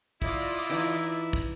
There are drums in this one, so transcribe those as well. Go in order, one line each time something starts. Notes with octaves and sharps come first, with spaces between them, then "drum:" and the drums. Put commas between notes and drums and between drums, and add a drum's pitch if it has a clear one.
E4 F4 D5 D#5, drum: kick
E3 D#4 G5
drum: kick